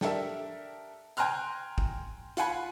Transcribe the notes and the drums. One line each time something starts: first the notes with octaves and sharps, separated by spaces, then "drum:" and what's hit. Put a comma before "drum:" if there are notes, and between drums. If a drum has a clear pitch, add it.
D4 G4 A4 A#4 E5, drum: snare
G5 G#5 A#5 C6 F6 F#6, drum: hi-hat
drum: kick
F4 F#5 G#5 B5, drum: hi-hat